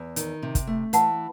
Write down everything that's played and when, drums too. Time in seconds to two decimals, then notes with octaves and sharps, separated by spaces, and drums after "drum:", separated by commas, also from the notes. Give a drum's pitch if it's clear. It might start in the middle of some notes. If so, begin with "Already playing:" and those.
Already playing: E2
0.16 D#3, drum: hi-hat
0.42 C3
0.55 drum: kick, hi-hat
0.67 A3
0.93 E3 F#5 A5, drum: hi-hat